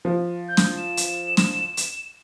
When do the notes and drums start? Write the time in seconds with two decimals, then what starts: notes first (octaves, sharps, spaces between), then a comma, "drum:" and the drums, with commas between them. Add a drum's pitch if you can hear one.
0.05 F3
0.48 G6
0.57 drum: snare
0.77 E7
0.97 drum: hi-hat
1.37 drum: snare
1.77 drum: hi-hat